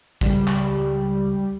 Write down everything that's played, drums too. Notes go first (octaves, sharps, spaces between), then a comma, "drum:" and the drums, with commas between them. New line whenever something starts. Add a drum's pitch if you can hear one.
C#2 G3, drum: kick
drum: clap